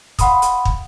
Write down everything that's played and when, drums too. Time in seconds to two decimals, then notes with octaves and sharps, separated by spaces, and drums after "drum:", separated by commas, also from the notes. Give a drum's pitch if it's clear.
0.19 F5 F#5 B5 C6 D#6, drum: kick, hi-hat
0.42 drum: hi-hat
0.65 drum: kick